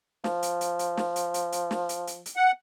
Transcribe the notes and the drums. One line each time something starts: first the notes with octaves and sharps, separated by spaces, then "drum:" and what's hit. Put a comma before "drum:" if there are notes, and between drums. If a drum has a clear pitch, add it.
F3, drum: snare
drum: hi-hat
drum: hi-hat
drum: hi-hat
drum: snare
drum: hi-hat
drum: hi-hat
drum: hi-hat
drum: snare
drum: hi-hat
drum: hi-hat
drum: hi-hat
F#5